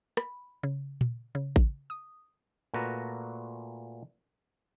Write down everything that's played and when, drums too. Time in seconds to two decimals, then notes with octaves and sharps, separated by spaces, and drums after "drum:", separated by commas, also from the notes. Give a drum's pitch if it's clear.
0.17 B5, drum: rim click
0.63 C#3
1.01 drum: tom A#2
1.35 C#3
1.56 drum: kick A1
1.90 D#6
2.74 A#2 A3 F#4 B4 A5 A#5